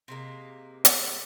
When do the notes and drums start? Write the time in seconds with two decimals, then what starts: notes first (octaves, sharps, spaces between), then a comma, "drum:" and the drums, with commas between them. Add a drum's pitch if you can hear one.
0.08 C3 G#3 A#3
0.85 drum: hi-hat